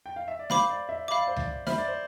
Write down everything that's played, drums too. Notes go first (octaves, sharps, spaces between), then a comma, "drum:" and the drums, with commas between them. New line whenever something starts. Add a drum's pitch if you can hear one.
G5
F5
E5
D5
C5 F5 B5 D6, drum: snare
D5
E5
E5 F5 B5 D6
D5
C5
D5, drum: tom C#2
C5 E5 B5 F6, drum: snare
D5
C5